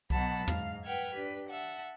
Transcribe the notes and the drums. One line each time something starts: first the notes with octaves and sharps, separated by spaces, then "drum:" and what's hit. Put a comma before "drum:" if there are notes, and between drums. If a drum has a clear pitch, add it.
B2 F#3 F#5 A5 B5, drum: kick C2
G#2 F5, drum: tom
B4 F#5 G5 F6 G#6
D4 G4 B4
E5 F#5 A5